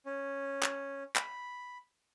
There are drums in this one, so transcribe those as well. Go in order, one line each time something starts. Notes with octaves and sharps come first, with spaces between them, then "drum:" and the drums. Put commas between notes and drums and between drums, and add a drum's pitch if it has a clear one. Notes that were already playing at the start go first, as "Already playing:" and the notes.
C#4
drum: clap
B5, drum: clap